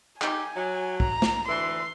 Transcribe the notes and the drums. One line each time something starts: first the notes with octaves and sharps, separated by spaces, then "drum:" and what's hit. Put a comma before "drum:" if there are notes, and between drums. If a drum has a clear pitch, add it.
D#4 G4 G#5, drum: clap
F#3
A#5, drum: kick
drum: snare
D2 E3 C6